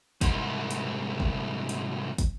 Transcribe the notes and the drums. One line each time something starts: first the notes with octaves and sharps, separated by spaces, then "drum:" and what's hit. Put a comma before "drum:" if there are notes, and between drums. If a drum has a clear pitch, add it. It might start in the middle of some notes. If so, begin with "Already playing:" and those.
C2 G#2, drum: kick, hi-hat
drum: hi-hat
drum: kick
drum: hi-hat
drum: kick, hi-hat